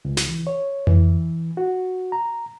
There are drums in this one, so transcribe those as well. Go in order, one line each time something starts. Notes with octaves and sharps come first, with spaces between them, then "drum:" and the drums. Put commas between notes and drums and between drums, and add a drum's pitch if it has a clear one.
C#2
drum: snare
E3
C#5
E3, drum: tom F2
F#4
A#5